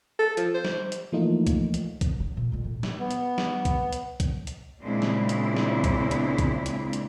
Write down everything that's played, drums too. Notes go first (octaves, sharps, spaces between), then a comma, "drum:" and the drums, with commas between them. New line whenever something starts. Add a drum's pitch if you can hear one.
A4
F3, drum: hi-hat
C5
drum: snare
drum: hi-hat
E3 F3 A3 A#3 D#4 F4
drum: kick B1, hi-hat
drum: hi-hat
drum: kick B1, hi-hat
D3
A#2
F2 A#2
A2
drum: snare
B3
drum: hi-hat
drum: snare
drum: kick B1, hi-hat
drum: hi-hat
drum: kick B1, hi-hat
drum: hi-hat
A#2 C#3 G#3 C4 D4 E4
drum: snare
drum: hi-hat
drum: snare
drum: kick B1, hi-hat
drum: hi-hat
drum: kick B1, hi-hat
drum: hi-hat
drum: hi-hat